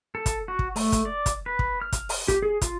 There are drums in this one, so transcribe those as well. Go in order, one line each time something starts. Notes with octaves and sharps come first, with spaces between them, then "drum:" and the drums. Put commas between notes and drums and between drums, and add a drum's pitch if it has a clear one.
A4
drum: kick, hi-hat
F#4
drum: kick
A3, drum: open hi-hat
drum: kick, hi-hat
D5
drum: kick, hi-hat
B4
drum: kick
F6
drum: kick, hi-hat
drum: open hi-hat
G4, drum: kick, hi-hat
G#4
F4, drum: kick, hi-hat